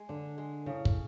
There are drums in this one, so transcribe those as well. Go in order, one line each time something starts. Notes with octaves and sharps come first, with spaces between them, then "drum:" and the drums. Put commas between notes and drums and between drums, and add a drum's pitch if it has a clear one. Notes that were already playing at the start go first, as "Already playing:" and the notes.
Already playing: G#3
D3 D4
G#3
A2 C#3
drum: kick